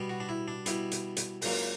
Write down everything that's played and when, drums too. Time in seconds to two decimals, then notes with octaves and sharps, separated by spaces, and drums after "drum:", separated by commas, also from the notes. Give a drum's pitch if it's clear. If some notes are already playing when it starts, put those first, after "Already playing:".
Already playing: B2 G3 B3
0.10 F#4
0.20 D4
0.29 E4
0.48 D4
0.66 B2 G3 B3 E4, drum: hi-hat
0.92 drum: hi-hat
1.17 drum: hi-hat
1.42 C#2 C#3 F#3 A#3, drum: open hi-hat